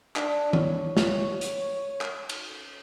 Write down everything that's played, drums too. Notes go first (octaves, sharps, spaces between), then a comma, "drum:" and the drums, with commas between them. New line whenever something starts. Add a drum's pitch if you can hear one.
D4, drum: clap
C#5, drum: tom D#3
drum: snare
drum: hi-hat
drum: clap
drum: cymbal